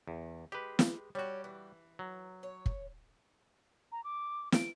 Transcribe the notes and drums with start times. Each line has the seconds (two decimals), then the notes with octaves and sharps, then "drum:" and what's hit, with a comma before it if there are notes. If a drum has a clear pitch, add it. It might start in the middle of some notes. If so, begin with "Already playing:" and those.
0.08 E2
0.52 G#3 G4 B4
0.79 drum: snare
1.15 G3 C#4 F#4 G4
1.44 E3
1.99 F#3
2.43 C#5
2.66 drum: kick
3.92 A#5
4.04 D6
4.52 D7, drum: snare